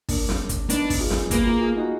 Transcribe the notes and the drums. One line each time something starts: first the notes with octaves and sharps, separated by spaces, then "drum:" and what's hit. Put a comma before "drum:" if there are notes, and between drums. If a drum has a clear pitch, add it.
A#3 D4, drum: kick, open hi-hat
drum: snare
drum: kick, hi-hat
B3 D4 D#4, drum: hi-hat
drum: kick, open hi-hat
F4 G#4
drum: snare
A#3 G#4 B4, drum: kick, hi-hat
F4 G#4
F4 G#4
D#4 F#4